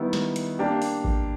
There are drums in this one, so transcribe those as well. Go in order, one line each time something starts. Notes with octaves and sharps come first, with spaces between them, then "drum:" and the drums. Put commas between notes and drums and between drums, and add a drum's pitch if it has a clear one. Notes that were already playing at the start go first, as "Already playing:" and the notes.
Already playing: D#3 G3 B3 E4
drum: snare
drum: hi-hat
A#3 D4 G4
drum: open hi-hat
drum: kick A1